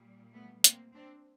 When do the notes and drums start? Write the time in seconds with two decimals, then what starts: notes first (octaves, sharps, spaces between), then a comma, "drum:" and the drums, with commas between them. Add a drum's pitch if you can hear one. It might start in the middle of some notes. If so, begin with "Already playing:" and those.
Already playing: A#2 G3
0.34 A3 B3
0.64 A#3 C4, drum: hi-hat
0.94 C4 D4